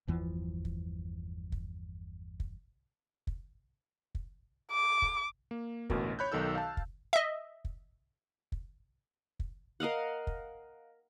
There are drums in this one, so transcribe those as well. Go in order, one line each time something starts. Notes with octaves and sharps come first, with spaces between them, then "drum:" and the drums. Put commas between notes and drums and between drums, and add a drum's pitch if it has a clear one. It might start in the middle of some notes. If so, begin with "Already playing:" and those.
G1 E2 E3 F3
drum: kick
drum: kick
drum: kick
drum: kick
drum: kick
D6
drum: kick
A#3
A1 D2 B2 A#4, drum: kick
C#5 B5 F#6 G6
B1 D#3 A4 E6 G6
F5 A5
drum: kick
D#5 E5
drum: kick
drum: kick
drum: kick
A#4 D#5 F5 F#5
drum: kick